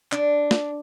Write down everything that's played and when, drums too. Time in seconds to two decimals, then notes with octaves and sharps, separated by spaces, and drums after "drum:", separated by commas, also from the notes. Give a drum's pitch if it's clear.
0.12 D4, drum: clap
0.51 drum: snare